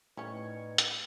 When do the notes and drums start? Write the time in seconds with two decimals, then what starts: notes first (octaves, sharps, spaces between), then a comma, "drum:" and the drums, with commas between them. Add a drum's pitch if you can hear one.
0.17 A2 G3 B3 C#4 D#4 B4 G#6 C#7
0.78 drum: hi-hat